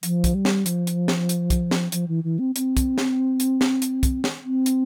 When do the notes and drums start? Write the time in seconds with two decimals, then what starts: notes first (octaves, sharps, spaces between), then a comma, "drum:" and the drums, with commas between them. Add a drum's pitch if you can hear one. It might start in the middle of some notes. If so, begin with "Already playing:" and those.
0.03 F3, drum: hi-hat
0.24 drum: kick, hi-hat
0.35 G3
0.45 drum: snare
0.66 F3, drum: hi-hat
0.87 drum: hi-hat
1.08 drum: snare
1.29 drum: hi-hat
1.50 drum: kick, hi-hat
1.71 drum: snare
1.92 F3, drum: hi-hat
2.08 E3
2.24 E3
2.39 C4
2.56 C4, drum: hi-hat
2.77 drum: kick, hi-hat
2.98 drum: snare
3.40 drum: hi-hat
3.61 drum: snare
3.82 drum: hi-hat
4.03 drum: kick, hi-hat
4.24 drum: snare
4.45 C4
4.66 drum: hi-hat